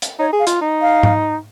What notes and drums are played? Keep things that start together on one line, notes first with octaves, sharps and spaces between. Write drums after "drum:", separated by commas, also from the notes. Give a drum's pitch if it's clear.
drum: hi-hat
D#4 C#5
G#4
F5
F4, drum: hi-hat
D#4
F5
drum: tom G#2